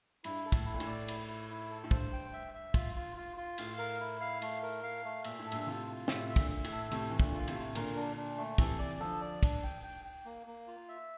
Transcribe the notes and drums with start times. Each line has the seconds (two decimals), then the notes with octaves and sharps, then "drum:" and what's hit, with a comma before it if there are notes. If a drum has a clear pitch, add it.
0.24 G2 E4, drum: cymbal
0.46 A4
0.52 A2, drum: kick, cymbal
0.66 E4
0.74 A#2
0.80 A2, drum: cymbal
0.87 D5
1.08 E4, drum: cymbal
1.28 E4
1.50 E4
1.70 A4
1.84 A2
1.91 G2 C5, drum: kick
2.13 G5
2.33 E5
2.54 E5
2.74 F4, drum: kick, cymbal
2.96 F4
3.16 F4
3.37 F4
3.58 A2 F5, drum: cymbal
3.78 A#4
4.00 E4
4.21 F5
4.42 A3, drum: cymbal
4.63 A#4
4.83 F5
5.05 A3
5.24 A#2 E5, drum: cymbal
5.39 A2
5.46 A4
5.52 G2 A#2, drum: cymbal
5.67 A2 C3 F4
5.87 F4
6.08 A2 C3 E5, drum: snare
6.29 E5
6.36 A#2 D3, drum: kick, cymbal
6.50 E5
6.65 A2, drum: cymbal
6.71 A4
6.92 A2 C3 A3, drum: cymbal
7.10 E3 A3
7.20 A#2 D3, drum: kick
7.34 F4
7.48 A2 C3, drum: cymbal
7.54 A3
7.75 A#2 D3 A#4, drum: cymbal
7.96 D4
8.16 D4
8.37 A3
8.58 C3 E3 A4, drum: kick, cymbal
8.79 D5
9.00 D3 F3 A4
9.22 D5
9.43 D4, drum: kick, cymbal
9.63 G5
9.83 G5
10.05 G5
10.25 A#3
10.47 A#3
10.68 F4
10.89 E5